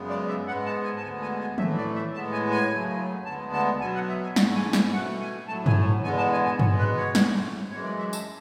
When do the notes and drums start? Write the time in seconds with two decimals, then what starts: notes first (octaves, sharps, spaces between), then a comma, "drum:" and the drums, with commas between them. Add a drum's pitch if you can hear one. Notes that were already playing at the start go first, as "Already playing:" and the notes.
Already playing: F#2 C#3 G#3 B3
0.09 D5
0.28 E5
0.46 G#2 G#3 B3 F#5
0.66 A5
0.83 G#5
0.97 A5
1.02 D2 D3 G#3 B3 G#5
1.22 G#5
1.40 G#5
1.58 A2 E3 A3 E5, drum: tom D#3
1.77 D5
1.96 E5
2.14 A2 G#3 B3 A5
2.32 G#5
2.51 G#5
2.70 F#2 C#3 F#3 A3
3.25 D2 D3 G#3 B3 A5
3.53 A5
3.81 B2 F#3 B3 G#5
3.95 F#5
4.09 E5
4.23 G#5
4.36 G#2 E3 A3 F#5, drum: snare
4.56 G#5
4.73 G#5, drum: snare
4.92 B2 A3 F#5
5.21 G#5
5.48 A2 F#3 A3 A5
5.66 G#5, drum: tom G2
6.03 E2 D3 G#3 B3 G#5
6.17 A5
6.32 G#5
6.45 G#5
6.59 B2 G#3 B3 C#5, drum: tom G2
6.78 B4
6.96 C#5
7.15 G#2 E3 A3, drum: snare
7.71 F#2 E3 G#3 C#5
7.84 D5
7.99 E5
8.13 A5, drum: tambourine